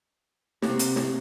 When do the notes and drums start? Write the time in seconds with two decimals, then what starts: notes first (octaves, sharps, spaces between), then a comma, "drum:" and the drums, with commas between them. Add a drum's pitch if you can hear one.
0.62 C3 A#3 C4 G4, drum: snare
0.79 drum: hi-hat
0.96 drum: snare